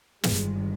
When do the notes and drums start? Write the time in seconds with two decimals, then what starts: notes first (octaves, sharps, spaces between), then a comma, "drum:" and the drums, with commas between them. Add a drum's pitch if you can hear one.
0.23 G1 G2 D#3 G#3, drum: snare